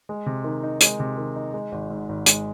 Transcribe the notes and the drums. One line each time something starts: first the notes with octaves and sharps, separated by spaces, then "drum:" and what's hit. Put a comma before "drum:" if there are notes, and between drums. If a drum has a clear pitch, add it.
G#3
C3
D#3
D#4
G#3, drum: hi-hat
C3
D#3
D#4
G#3
G#1
G#2
G#1
G#3, drum: hi-hat